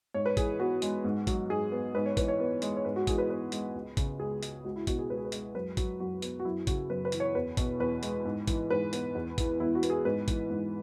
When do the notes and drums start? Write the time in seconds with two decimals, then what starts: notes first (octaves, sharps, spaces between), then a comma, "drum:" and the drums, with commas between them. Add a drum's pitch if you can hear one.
0.14 G#2 C#5
0.26 B4
0.37 E3 G#4, drum: kick A1, hi-hat
0.59 B3 F#4
0.82 G#3, drum: hi-hat
1.04 G#2
1.27 F#3, drum: kick A1, hi-hat
1.50 G#2 G#4
1.72 B3
1.94 G#2 B4
2.06 C#5
2.17 E3 B4, drum: kick A1, hi-hat
2.28 C#5
2.40 B3
2.62 G#3, drum: hi-hat
2.77 C#5
2.84 G#2 B4
2.96 F#4
3.07 E3 G#4, drum: kick A1, hi-hat
3.18 B4
3.30 B3 B4
3.52 G#3, drum: hi-hat
3.75 C#2
3.97 C#3, drum: kick A1, hi-hat
4.20 C#2 G#4
4.43 G#3, drum: hi-hat
4.65 C#2 F#4
4.76 E4
4.87 B2 F#4, drum: kick A1, hi-hat
4.99 G#4
5.10 C#2 B4
5.17 G#4
5.25 B4
5.32 G#3, drum: hi-hat
5.55 F#2 B4
5.77 F#3, drum: kick A1, hi-hat
6.00 F#2 F#4
6.22 B3, drum: hi-hat
6.40 F#4
6.45 F#2 E4
6.67 C#3 F#4, drum: kick A1, hi-hat
6.90 F#2 B4
7.05 B4
7.12 E3, drum: hi-hat
7.20 C#5
7.35 E2 B4
7.57 B2, drum: kick A1, hi-hat
7.80 E2 B4
8.03 G#3, drum: hi-hat
8.25 G#2
8.48 E3, drum: kick A1, hi-hat
8.70 G#2 B4
8.93 B3, drum: hi-hat
9.15 E2
9.38 E3, drum: kick A1, hi-hat
9.60 E2 E4
9.75 F#4
9.83 B3, drum: hi-hat
9.90 G#4
10.05 G#2 B4
10.28 E3, drum: kick A1, hi-hat
10.50 G#2